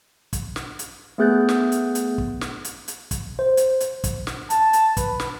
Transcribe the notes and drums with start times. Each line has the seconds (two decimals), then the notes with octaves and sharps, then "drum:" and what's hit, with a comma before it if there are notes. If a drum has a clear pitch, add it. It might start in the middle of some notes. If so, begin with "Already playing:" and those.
0.33 drum: kick, hi-hat
0.56 drum: snare
0.79 drum: hi-hat
1.18 A3 B3 G#4 F#6 G6 A6
1.49 drum: snare
1.72 drum: hi-hat
1.95 drum: hi-hat
2.18 drum: kick
2.41 drum: snare
2.65 drum: hi-hat
2.88 drum: hi-hat
3.11 drum: kick, hi-hat
3.39 C5
3.57 drum: hi-hat
3.80 drum: hi-hat
4.04 drum: kick, hi-hat
4.27 drum: snare
4.50 A5, drum: hi-hat
4.73 drum: hi-hat
4.97 B4, drum: kick, hi-hat
5.20 drum: snare